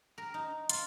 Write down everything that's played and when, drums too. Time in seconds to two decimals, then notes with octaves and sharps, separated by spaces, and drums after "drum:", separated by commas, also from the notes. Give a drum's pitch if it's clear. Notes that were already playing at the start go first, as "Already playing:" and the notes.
0.18 A#4
0.34 D#4
0.69 F4, drum: hi-hat